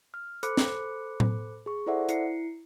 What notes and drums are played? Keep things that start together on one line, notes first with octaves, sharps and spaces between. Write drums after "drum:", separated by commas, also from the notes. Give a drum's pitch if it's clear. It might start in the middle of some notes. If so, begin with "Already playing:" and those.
F6
A4 C5 B5 D6 F#6 C#7, drum: hi-hat
drum: snare
drum: tom A2
G#4 C#6
E4 A4 C5 D5 E5 F#5
E4 C7 C#7, drum: hi-hat